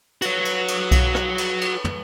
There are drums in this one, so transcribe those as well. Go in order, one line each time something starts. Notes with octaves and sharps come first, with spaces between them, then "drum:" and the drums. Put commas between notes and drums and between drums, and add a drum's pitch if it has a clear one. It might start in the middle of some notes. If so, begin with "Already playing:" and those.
F#4 C#5, drum: cymbal
drum: cymbal
drum: cymbal
drum: kick B1, cymbal
drum: rim click
drum: cymbal
drum: cymbal
drum: tom